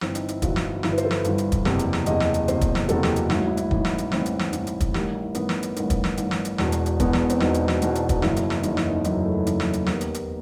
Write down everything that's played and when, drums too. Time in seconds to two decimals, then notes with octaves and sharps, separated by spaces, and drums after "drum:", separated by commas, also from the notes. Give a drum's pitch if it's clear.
0.01 G1 G2 E3 C4, drum: snare
0.15 D#4, drum: hi-hat
0.28 E4, drum: hi-hat
0.42 G1 G2 E3 F#4, drum: kick, hi-hat
0.56 drum: snare
0.75 F#4
0.83 G1 G2 E3 E4, drum: snare
0.92 B4
0.98 C5, drum: hi-hat
1.05 A4
1.11 B4, drum: snare
1.24 G1 G2 E3, drum: hi-hat
1.38 drum: hi-hat
1.52 drum: kick, hi-hat
1.65 F#1 E2 C3, drum: snare
1.79 drum: hi-hat
1.93 drum: snare
2.06 F#1 E2 C3 D#5, drum: hi-hat
2.20 drum: snare
2.34 drum: hi-hat
2.48 F#1 E2 C3 C5, drum: hi-hat
2.61 drum: kick, hi-hat
2.75 drum: snare
2.89 F#1 E2 C3 A4, drum: hi-hat
3.03 G4, drum: snare
3.16 F#4, drum: hi-hat
3.30 A1 G2 E3 E4, drum: snare
3.38 F#4
3.47 E4
3.57 drum: hi-hat
3.71 A1 G2 E3 D#4, drum: kick
3.85 drum: snare
3.98 drum: hi-hat
4.12 A1 G2 E3 C4, drum: snare
4.26 drum: hi-hat
4.39 drum: snare
4.53 A1 G2 E3 E4, drum: hi-hat
4.67 drum: hi-hat
4.80 drum: kick, hi-hat
4.94 A1 G2 D#3 G4, drum: snare
5.14 E4
5.35 A1 G2 D#3 B3, drum: hi-hat
5.49 drum: snare
5.63 drum: hi-hat
5.76 A1 G2 D#3, drum: hi-hat
5.90 drum: kick, hi-hat
6.04 drum: snare
6.17 A1 G2 D#3, drum: hi-hat
6.31 drum: snare
6.45 drum: hi-hat
6.58 E1 E2 B2, drum: snare
6.72 drum: hi-hat
6.86 drum: hi-hat
7.00 E1 E2 B2 B3, drum: kick, hi-hat
7.13 drum: snare
7.30 C4, drum: hi-hat
7.40 E1 E2 B2 D#4, drum: snare
7.54 drum: hi-hat
7.68 drum: snare
7.82 E1 E2 B2, drum: hi-hat
7.95 drum: hi-hat
8.09 drum: kick, hi-hat
8.22 F#1 F#2 E3 E4, drum: snare
8.36 drum: hi-hat
8.50 drum: snare
8.63 F#1 F#2 E3 D#4, drum: hi-hat
8.77 E4, drum: snare
8.89 D#4
9.04 F#1 F#2 E3 E4, drum: hi-hat
9.25 A3
9.47 F#1 F#2 E3, drum: hi-hat
9.60 drum: snare
9.73 drum: hi-hat
9.86 D#2 D#3 B3, drum: snare
10.01 drum: hi-hat
10.14 drum: hi-hat